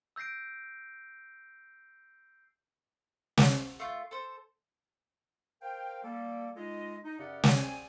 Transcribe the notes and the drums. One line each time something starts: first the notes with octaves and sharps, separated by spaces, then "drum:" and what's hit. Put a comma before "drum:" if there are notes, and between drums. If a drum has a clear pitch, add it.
E6 G6 A#6 C7 D7
drum: snare
A3 F4
A4 C5
A#4 C5 F5 G5
G3 A#3 A4
G#3 D#4 F4 A4 D#5
D#4
F#2 C#3 C#4 G4 D5 F#5
G#4 A4 D5 G5 G#5, drum: snare